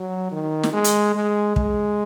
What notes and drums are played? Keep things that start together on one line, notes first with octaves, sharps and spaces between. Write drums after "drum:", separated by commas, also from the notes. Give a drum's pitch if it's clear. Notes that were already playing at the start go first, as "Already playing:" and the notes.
Already playing: F#3
D#3
drum: snare
G#3
drum: hi-hat
G#3
G#3, drum: kick